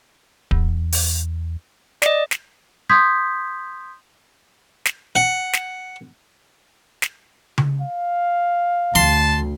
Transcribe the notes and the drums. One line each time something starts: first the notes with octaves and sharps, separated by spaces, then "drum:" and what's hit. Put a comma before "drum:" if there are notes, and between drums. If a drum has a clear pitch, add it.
E2, drum: kick D1
drum: open hi-hat
D5 D#5, drum: snare
drum: snare
C6 D#6 G6 G#6 B6
drum: snare
F#5
drum: snare
drum: snare
drum: tom C#3
F5
D2 A5 C6